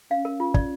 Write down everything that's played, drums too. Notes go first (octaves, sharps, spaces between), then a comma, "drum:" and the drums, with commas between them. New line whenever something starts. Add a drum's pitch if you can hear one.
C#4 F5
A#4
F4
D5, drum: kick